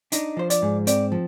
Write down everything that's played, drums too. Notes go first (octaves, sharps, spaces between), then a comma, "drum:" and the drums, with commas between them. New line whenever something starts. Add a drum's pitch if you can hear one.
D4 D#4, drum: hi-hat
F3 C5
D5, drum: hi-hat
G#2
C4 D5, drum: hi-hat
F3